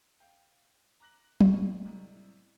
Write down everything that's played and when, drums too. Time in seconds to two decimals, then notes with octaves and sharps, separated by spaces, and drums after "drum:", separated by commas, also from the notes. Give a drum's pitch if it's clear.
0.20 F5 G5
1.00 A#5 D6 F#6 A#6 F#7
1.40 B2 D#3 D#5 G5 C6 C#6, drum: tom
1.84 A2 C3 D5 D#5 A#5